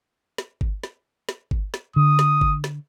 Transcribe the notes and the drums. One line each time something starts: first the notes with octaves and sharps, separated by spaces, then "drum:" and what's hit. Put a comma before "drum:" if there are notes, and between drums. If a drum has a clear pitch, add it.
drum: snare
drum: kick G1
drum: snare
drum: snare
drum: kick G1
drum: snare
D3 D#6
drum: snare
drum: kick G1
drum: snare